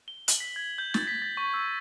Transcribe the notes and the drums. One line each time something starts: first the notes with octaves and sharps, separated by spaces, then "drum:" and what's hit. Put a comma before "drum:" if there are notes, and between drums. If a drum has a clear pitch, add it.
G7
F#7, drum: hi-hat
B6
G#6
G6
A6, drum: snare
B6
A6
C#6
E6